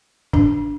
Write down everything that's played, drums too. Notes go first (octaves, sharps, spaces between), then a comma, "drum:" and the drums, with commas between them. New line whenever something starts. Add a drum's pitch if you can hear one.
D4, drum: kick